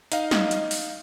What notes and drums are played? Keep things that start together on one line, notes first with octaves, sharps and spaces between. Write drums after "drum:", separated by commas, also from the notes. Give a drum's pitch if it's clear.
D#4 D#5 F5, drum: hi-hat
drum: snare
drum: hi-hat
drum: open hi-hat